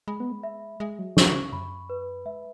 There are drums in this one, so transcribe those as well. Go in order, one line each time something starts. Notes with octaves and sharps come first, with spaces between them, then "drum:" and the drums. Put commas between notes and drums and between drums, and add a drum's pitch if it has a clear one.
G#3 B5
B3
G#3
E5
G#3 E5
F#3
E3 C#6, drum: snare
E3
C#3
F#2 B5
B4
G#3 E5